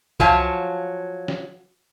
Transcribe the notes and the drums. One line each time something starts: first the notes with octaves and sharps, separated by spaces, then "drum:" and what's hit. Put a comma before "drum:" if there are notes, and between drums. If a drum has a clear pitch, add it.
F3 F#3 C#5 F5 G#5 A5, drum: kick C2
drum: snare